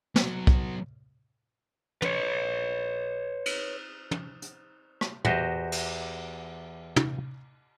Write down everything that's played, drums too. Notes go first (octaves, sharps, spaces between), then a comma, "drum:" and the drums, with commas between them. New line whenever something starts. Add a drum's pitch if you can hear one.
F#3 B3, drum: snare
drum: kick B1
B4 C#5, drum: tom
drum: cymbal
drum: tom
drum: hi-hat
drum: rim click
E2 F#4 G4 C5 D#5, drum: tom
drum: cymbal
drum: tom